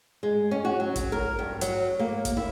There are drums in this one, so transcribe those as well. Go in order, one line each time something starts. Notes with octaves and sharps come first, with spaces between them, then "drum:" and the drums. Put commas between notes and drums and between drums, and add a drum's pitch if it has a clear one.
G#3
C#4
F#4
F#3
drum: kick, hi-hat
A#4
G2
F#3, drum: hi-hat
A#3
drum: kick, hi-hat
E4